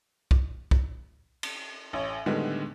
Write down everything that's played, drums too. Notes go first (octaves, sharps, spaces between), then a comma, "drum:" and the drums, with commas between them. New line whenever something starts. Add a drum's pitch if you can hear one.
drum: kick
drum: kick
drum: cymbal
A1 C#5
A2 D3 D#3 G3 G#3 B3